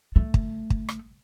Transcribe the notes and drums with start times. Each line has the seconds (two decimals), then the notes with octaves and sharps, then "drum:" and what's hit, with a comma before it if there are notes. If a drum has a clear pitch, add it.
0.16 A3
0.34 drum: kick
0.70 drum: kick
0.89 drum: rim click